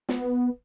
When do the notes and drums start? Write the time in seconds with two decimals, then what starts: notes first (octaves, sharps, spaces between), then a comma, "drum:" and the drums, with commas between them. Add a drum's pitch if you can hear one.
0.09 B3, drum: snare